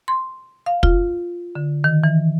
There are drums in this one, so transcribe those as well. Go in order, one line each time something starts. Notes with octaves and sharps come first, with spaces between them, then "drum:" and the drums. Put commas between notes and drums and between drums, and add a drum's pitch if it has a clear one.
C6
F5
F4, drum: kick
D3
D#3
E3